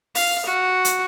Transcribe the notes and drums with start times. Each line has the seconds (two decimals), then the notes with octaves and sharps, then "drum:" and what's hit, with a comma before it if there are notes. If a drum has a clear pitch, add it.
0.15 F5, drum: open hi-hat
0.46 F#4
0.85 drum: hi-hat